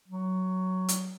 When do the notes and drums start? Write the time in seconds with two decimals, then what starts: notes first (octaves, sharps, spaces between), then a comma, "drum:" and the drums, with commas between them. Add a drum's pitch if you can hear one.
0.08 F#3
0.88 drum: hi-hat